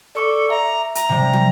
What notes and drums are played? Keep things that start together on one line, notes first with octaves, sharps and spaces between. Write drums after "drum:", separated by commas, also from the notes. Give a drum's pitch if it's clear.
A4 D5 C#6 D6
E5 A#5
A#5, drum: hi-hat
C3 G3
drum: tom